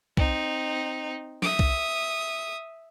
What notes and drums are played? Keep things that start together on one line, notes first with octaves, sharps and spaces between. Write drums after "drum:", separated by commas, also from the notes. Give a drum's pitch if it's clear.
C4 D#4, drum: kick
E5 D#6, drum: snare
drum: kick